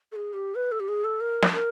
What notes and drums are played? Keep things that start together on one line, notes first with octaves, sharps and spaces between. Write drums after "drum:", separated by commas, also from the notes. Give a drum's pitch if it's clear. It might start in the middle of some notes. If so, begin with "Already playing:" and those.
A4
G#4
G4
B4
A4
G4
G#4
A4
A#4
drum: snare
A#4